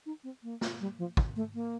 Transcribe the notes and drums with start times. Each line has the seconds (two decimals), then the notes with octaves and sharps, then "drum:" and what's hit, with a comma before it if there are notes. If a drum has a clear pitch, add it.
0.06 D#4
0.24 C4
0.43 A#3
0.61 drum: snare
0.81 G3
0.98 F3
1.17 drum: kick
1.36 A3
1.54 A#3